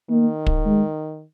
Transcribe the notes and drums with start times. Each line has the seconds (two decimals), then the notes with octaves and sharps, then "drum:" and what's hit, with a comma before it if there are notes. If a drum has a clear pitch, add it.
0.10 D#3 A#3
0.46 drum: kick
0.65 G#3